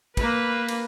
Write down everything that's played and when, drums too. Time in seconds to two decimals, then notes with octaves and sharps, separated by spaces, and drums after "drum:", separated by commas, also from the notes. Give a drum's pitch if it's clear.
0.17 A#3 B4, drum: kick, cymbal
0.68 drum: cymbal